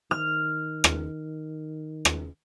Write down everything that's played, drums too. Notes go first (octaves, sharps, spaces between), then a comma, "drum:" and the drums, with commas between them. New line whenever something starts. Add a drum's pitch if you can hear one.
D#3 F6
drum: rim click
drum: rim click